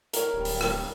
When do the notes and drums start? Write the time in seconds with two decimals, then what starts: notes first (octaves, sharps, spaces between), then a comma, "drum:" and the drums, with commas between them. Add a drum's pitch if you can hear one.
0.13 A#4 C#5, drum: hi-hat
0.34 D1 G3
0.45 drum: open hi-hat
0.61 drum: rim click